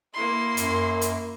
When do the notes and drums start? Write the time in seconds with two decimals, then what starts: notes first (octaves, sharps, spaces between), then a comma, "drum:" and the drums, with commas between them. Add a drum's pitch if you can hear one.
0.14 A#3 E4 C6
0.57 F#2, drum: hi-hat
1.01 drum: hi-hat